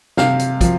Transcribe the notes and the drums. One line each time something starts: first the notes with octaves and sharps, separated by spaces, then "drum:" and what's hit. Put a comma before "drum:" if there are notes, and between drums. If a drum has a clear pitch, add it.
C3 F5, drum: snare
drum: hi-hat
F3, drum: kick, hi-hat